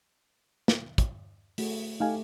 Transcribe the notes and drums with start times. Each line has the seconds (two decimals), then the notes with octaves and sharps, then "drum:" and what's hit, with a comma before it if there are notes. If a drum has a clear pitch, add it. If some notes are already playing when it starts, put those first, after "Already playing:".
0.68 drum: snare
0.98 drum: kick, hi-hat
1.58 A3 F#4 G#4, drum: open hi-hat
2.00 A3 D#4 G4 F5 G#5